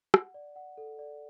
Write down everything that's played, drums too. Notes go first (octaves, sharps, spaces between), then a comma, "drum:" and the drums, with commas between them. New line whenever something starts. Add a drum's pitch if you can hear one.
F#5, drum: rim click
D5
F#5
A4
D5